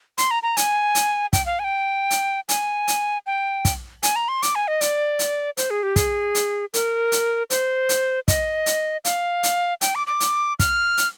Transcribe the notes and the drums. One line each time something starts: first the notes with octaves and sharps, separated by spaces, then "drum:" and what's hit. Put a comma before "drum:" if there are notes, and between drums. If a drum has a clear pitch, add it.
C6, drum: hi-hat
A#5
A#5
G#5, drum: hi-hat
drum: hi-hat
G5, drum: kick, hi-hat
F5
G#5
G5
drum: hi-hat
G#5, drum: hi-hat
drum: hi-hat
G5
drum: kick, hi-hat
G#5, drum: hi-hat
A#5
C6
D6, drum: hi-hat
G#5
D#5
D5, drum: hi-hat
drum: hi-hat
C5, drum: hi-hat
G#4
G4
G#4, drum: kick, hi-hat
drum: hi-hat
A#4, drum: hi-hat
drum: hi-hat
C5, drum: hi-hat
drum: hi-hat
D#5, drum: kick, hi-hat
drum: hi-hat
F5, drum: hi-hat
drum: hi-hat
G5, drum: hi-hat
D6
D6
drum: hi-hat
F6, drum: kick, hi-hat
drum: hi-hat